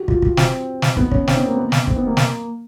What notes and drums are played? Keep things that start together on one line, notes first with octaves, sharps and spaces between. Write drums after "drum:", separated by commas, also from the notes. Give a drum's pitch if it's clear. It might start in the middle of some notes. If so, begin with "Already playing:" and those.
Already playing: F#4 G4
F4, drum: kick
drum: kick
C4, drum: snare
drum: snare
B3, drum: kick
C#4, drum: kick
C4, drum: snare
B3
A#3
B3
drum: snare
C4, drum: kick
B3
A#3
drum: snare